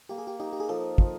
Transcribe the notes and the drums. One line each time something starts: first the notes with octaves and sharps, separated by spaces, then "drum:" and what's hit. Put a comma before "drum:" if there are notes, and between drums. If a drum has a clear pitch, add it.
A#3 G4
G#4
G4
D#4 G4
G4
G#4
F3 A4
F3, drum: kick